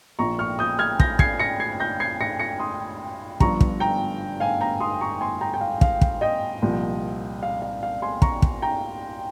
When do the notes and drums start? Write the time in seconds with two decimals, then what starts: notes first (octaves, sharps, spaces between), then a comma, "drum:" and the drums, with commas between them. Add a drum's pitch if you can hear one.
0.19 A#1 A#2 F3 A#5 C#6
0.39 C#6 F6
0.59 D#6 G6
0.79 F6 G#6
1.00 G6 A#6, drum: kick
1.19 G#6 C7, drum: kick
1.39 A#6 C#7
1.60 G#6 C7
1.80 G6 A#6
2.00 G#6 C7
2.21 A#6 C#7
2.39 A#6 C#7
2.60 C6 D#6
3.40 G1 G2 F3 A#5 C#6, drum: kick
3.61 drum: kick
3.80 G5 A#5
4.40 F5 G#5
4.61 G5 A#5
4.80 C6 D#6
5.01 A#5 C#6
5.21 G#5 C6
5.41 G5 A#5
5.54 G5
5.61 F5
5.81 F5, drum: kick
6.01 drum: kick
6.21 D#5 G5
6.62 C2 A#2 F3
7.43 F5
7.62 F5
7.83 F5
8.02 G#5 C6
8.22 A#5 C#6, drum: kick
8.42 drum: kick
8.62 G5 A#5